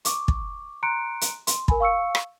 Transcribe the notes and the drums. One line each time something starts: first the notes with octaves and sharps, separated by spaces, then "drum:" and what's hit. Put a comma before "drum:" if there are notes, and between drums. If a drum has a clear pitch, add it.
C#6 D6, drum: hi-hat
drum: kick
A#5 C6 F#6 C#7 D7
drum: hi-hat
C6, drum: hi-hat
A#4 G#5 B5, drum: kick
F5 C#6 E6 C#7
drum: rim click